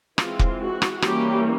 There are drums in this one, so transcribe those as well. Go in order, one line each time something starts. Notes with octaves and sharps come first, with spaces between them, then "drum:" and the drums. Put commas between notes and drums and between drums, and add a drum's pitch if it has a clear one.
E3 G#3 C4 F4, drum: rim click
drum: kick
F#4
drum: rim click
E3 G3 A#3 C#4 G4, drum: rim click